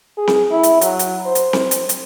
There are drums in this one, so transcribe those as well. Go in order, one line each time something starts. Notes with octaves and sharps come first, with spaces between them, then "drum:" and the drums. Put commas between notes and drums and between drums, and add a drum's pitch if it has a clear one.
G#4
drum: snare C4
E4
drum: hi-hat
F#3, drum: hi-hat
drum: hi-hat
C5
drum: hi-hat
drum: snare C4
drum: hi-hat
drum: hi-hat